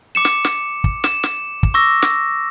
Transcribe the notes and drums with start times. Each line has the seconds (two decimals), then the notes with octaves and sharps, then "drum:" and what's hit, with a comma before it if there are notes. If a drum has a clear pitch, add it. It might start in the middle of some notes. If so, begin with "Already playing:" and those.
0.15 D6 C#7 E7
0.25 drum: snare
0.45 drum: snare
0.84 drum: kick
1.04 E7, drum: snare
1.23 drum: snare
1.63 drum: kick
1.74 C#6 D6 E6 A#6
2.02 drum: snare